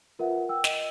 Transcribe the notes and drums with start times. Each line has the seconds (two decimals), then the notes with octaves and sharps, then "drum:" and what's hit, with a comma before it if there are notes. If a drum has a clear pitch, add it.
0.19 F4 A#4 B4 E5 F#5
0.49 G5 E6
0.64 D#5, drum: snare